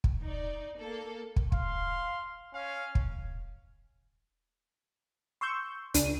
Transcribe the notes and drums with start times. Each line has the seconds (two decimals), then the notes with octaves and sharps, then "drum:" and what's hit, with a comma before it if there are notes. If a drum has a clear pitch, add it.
0.04 drum: kick
0.22 D#4 D5
0.77 A#3 A4
1.36 drum: kick
1.52 F5 C6, drum: kick
2.55 C#4 F5
2.95 drum: kick
5.41 C6 C#6 E6 G6
5.94 C#2 D4 D#7, drum: hi-hat